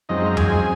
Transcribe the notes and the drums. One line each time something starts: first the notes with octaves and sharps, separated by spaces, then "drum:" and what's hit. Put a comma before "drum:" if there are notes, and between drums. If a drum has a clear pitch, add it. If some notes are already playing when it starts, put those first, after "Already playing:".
F#2 F3 G#3 C4 D#4 D#5
A#5
G#4 G#5, drum: tom E2